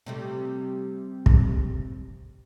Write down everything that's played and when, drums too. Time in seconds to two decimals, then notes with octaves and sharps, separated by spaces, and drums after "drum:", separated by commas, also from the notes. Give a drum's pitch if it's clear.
0.06 C3 G3 A3
1.26 drum: kick